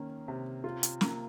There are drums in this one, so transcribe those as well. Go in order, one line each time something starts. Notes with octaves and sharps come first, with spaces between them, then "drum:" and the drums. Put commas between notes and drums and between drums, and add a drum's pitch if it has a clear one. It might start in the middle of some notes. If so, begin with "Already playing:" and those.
Already playing: D#3 A#3 C#4
C3
F4
drum: hi-hat
A#3, drum: snare